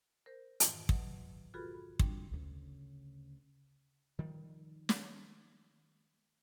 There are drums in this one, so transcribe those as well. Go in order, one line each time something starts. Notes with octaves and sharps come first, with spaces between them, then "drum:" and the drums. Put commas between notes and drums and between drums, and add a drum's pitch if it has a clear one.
A#4 C5 G6
F2 G#2 D#3 E3, drum: hi-hat
B2 D#3 E3 F#3, drum: kick
F4 F#4 G#4 A4 B4 B5
B5
G3 C4 D4, drum: kick
D2 C#3
D#3 F3 G3
drum: snare